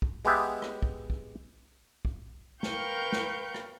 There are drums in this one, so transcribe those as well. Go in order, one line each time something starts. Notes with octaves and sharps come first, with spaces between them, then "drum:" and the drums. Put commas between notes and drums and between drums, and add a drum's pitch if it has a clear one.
drum: kick
G#3 B3 G4 E5, drum: open hi-hat
drum: rim click
drum: kick
drum: kick
drum: kick
A#4 B4 F5 G5 C#6 G6, drum: snare
drum: snare
drum: rim click